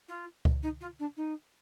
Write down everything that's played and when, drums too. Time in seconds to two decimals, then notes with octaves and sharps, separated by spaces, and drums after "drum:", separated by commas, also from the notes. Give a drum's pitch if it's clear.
0.08 F4
0.45 drum: kick C#2
0.63 D#4
0.81 F4
0.99 D4
1.17 D#4